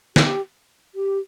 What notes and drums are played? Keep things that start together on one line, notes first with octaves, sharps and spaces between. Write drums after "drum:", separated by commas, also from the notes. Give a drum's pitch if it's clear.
G4, drum: snare
G4